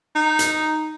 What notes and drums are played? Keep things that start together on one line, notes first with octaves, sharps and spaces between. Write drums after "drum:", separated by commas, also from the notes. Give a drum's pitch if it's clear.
D#4
drum: hi-hat